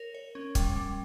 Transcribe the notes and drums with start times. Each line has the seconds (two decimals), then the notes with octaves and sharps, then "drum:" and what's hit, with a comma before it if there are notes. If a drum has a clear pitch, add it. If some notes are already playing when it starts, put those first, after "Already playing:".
Already playing: A#4 C#5
0.14 C#5
0.35 C#4
0.55 G3, drum: kick C#1, hi-hat
0.76 G3